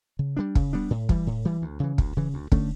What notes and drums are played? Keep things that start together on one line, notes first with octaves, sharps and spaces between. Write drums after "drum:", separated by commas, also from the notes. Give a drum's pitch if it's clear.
C#3
G3 B3 D4
C#3, drum: kick
G3 B3 D4
A2
E3 G3, drum: kick
A2
E3 G3
D2
C#3 E3
D2, drum: kick
C#3 E3
D2
D3 A3 C#4, drum: kick